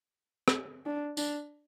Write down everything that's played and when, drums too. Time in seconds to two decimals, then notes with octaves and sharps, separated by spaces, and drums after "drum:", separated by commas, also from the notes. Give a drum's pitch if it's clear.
0.48 drum: rim click
0.86 D4
1.17 D4, drum: tambourine